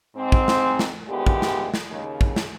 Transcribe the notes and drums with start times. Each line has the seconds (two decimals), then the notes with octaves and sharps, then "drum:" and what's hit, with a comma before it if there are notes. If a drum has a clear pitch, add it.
0.16 G#2 C4
0.32 drum: kick
0.48 drum: snare
0.79 drum: snare
1.08 D2 A#2 D#3 G#3 B3 G4
1.26 drum: kick
1.42 drum: snare
1.74 drum: snare
1.89 D#2 C#3
2.21 drum: kick
2.36 drum: snare